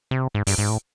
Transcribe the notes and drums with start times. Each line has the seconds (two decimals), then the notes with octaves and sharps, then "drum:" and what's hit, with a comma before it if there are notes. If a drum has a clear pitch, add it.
0.11 C3
0.34 G#2
0.47 G2, drum: open hi-hat
0.58 G#2
0.70 A2